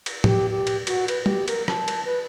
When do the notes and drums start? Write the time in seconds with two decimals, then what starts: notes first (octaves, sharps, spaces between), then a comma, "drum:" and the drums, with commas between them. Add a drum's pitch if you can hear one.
0.06 drum: cymbal
0.24 G4, drum: tom A2
0.51 G4
0.67 drum: cymbal
0.87 F#4, drum: cymbal
1.08 B4, drum: cymbal
1.26 G4, drum: tom
1.48 A#4, drum: cymbal
1.68 A5, drum: rim click
1.88 drum: cymbal
2.05 B4